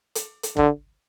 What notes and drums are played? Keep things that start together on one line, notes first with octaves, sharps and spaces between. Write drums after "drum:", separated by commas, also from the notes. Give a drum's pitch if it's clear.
drum: hi-hat
drum: hi-hat
D3, drum: kick